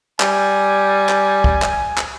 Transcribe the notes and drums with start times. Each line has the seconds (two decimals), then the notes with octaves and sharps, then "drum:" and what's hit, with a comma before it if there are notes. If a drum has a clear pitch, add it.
0.20 G3 G#5, drum: clap
1.09 drum: clap
1.44 drum: kick
1.62 drum: clap
1.98 drum: clap